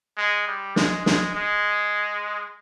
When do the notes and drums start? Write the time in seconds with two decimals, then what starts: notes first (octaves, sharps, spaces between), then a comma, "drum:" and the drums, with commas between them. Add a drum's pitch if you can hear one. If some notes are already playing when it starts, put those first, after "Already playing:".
0.17 G#3
0.47 G3
0.76 G#3, drum: snare
1.06 G#3, drum: snare
1.35 G#3